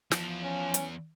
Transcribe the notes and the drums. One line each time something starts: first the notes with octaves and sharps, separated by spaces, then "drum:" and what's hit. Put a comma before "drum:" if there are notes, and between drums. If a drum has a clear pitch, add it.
E2 F3, drum: snare
C#4
drum: hi-hat